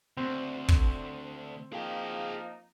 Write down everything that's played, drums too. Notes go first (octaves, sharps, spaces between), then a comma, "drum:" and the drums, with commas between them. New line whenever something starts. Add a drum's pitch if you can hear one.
D2 C4
drum: kick
F3 A#3 D#4 G#4 G5